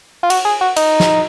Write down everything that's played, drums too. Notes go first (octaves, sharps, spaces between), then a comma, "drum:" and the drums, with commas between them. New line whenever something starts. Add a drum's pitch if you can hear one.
F4
F#4, drum: cymbal
G#4
F#4
D#4, drum: cymbal
drum: snare